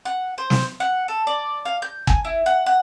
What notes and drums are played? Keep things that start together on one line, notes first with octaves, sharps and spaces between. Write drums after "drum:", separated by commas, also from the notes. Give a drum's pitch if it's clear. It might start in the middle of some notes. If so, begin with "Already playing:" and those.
F#5
C5
drum: snare
F#5
A4
D5
F5
G6
G#5, drum: kick
E4
F#5
F#5